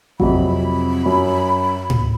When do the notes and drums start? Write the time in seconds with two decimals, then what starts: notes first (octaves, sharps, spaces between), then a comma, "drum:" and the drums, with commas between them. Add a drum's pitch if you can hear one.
0.20 F2 C3 F#3 B5, drum: kick A1
1.05 F#2
1.90 drum: tom A2